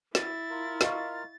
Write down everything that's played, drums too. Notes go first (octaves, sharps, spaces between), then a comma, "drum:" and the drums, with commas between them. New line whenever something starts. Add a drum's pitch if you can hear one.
E4 A6, drum: snare
F4 A#4
D#5 F5 C#6, drum: snare